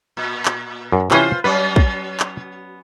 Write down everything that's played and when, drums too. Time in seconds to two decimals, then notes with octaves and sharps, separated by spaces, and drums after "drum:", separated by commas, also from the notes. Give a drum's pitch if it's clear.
0.17 A#2
0.45 drum: clap
0.92 F#2
1.11 C3 E3 C#4 F4 B4 C5, drum: clap
1.44 F#3 B3 C#4 B4
1.76 drum: kick
2.20 drum: clap